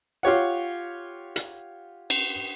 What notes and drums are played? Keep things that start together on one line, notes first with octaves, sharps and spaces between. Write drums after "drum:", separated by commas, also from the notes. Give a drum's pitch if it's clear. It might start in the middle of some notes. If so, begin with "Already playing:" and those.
F4 G4 C#5 F#5
drum: hi-hat
drum: cymbal